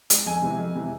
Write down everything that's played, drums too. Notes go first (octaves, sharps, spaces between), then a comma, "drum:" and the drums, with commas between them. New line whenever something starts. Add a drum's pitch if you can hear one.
G#3, drum: hi-hat
F2 G#5
C3 E3 G#3
F2
C3 E3 G#3